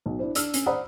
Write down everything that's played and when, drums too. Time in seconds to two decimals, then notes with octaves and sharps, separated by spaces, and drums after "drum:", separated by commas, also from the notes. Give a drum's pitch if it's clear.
0.06 B1
0.19 D4 E4 C5
0.35 D4 E6 F6, drum: hi-hat
0.54 C#4, drum: hi-hat
0.66 C5 D5 F#5 A#5 B5 D#6